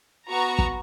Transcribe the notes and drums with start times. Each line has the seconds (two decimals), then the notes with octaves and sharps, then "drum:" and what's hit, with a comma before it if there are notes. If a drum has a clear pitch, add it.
0.29 B3 F#4 A#5 C#6
0.59 drum: kick